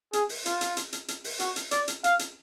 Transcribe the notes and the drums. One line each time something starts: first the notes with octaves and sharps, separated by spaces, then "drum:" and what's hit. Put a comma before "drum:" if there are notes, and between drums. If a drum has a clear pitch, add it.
G#4, drum: hi-hat
drum: open hi-hat
F4, drum: hi-hat
drum: hi-hat
drum: hi-hat
drum: hi-hat
drum: hi-hat
drum: open hi-hat
F#4, drum: hi-hat
drum: hi-hat
D5, drum: hi-hat
drum: hi-hat
F5, drum: hi-hat
drum: hi-hat